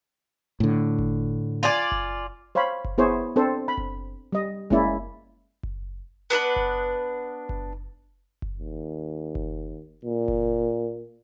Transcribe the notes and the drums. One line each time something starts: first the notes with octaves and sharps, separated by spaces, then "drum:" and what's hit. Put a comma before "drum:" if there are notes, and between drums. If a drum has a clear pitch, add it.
A2 D3
drum: kick F#1
F4 D5 G#5
drum: kick F#1
C5 C#5 F5 G5 B5
drum: kick F#1
B3 E4 G#4 C5 C#5
C4 D4 A4 C5
B5
drum: kick F#1
G3 D#5
G#3 A#3 C#4 E4 D5, drum: kick F#1
drum: kick F#1
B3 D4 A4 B4
drum: kick F#1
drum: kick F#1
drum: kick F#1
D#2
drum: kick F#1
A#2
drum: kick F#1